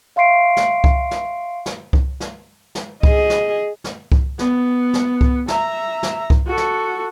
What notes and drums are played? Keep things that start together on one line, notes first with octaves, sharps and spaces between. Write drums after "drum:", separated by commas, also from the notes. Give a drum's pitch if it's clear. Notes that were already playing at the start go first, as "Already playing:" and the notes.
E5 F5 C6 C#6 C7 D7
drum: snare
drum: kick C2
drum: snare
drum: snare
drum: kick C2
drum: snare
drum: snare
G#4 D#5, drum: kick C2
drum: snare
drum: snare
drum: kick C2
B3, drum: snare
drum: snare
drum: kick C2
E5 A#5, drum: snare
drum: snare
drum: kick C2
F#4 A4
drum: snare